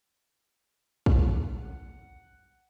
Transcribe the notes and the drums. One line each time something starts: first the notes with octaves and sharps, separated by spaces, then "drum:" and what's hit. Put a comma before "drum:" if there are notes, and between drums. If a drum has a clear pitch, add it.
drum: kick
F#5